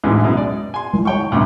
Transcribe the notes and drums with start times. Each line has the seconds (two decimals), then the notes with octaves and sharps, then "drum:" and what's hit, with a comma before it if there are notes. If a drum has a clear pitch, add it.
0.04 A1 D2 G#2 D3 E3 G#3
0.24 F#2 B2 G#3
0.37 D5
0.74 G#5 C6
0.94 drum: tom G#3
1.05 C#5 G5 C#6
1.32 D2 G2 C3